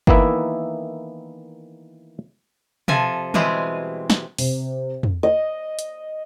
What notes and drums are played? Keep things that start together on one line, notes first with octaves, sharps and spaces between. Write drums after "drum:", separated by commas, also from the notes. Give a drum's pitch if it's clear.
D#3 E3 A#3 B3 E4 E5, drum: kick G1
C3 F3 A4 G#5, drum: tom B2
B2 E3 G3 G#3 C4 G#4, drum: tom
drum: snare
C3, drum: open hi-hat
drum: tom
D#5
drum: hi-hat